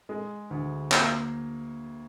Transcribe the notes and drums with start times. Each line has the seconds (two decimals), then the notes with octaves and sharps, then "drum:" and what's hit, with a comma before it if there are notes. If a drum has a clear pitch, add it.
0.09 G#3
0.51 D2
0.92 A#3, drum: clap